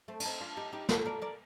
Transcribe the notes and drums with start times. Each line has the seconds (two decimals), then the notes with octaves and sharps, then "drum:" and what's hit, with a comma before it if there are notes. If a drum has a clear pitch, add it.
0.08 A3 C4
0.20 D4, drum: cymbal
0.25 C4 D#4
0.41 D4 F4
0.57 D#4 G4
0.73 D#4 G4
0.89 F4 A4, drum: snare
1.06 A#4 D5
1.22 A#4 D5